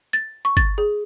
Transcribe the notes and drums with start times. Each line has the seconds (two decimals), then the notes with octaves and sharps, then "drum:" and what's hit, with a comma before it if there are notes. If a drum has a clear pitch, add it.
0.13 A6
0.45 C#6
0.57 A6, drum: kick G1
0.78 G#4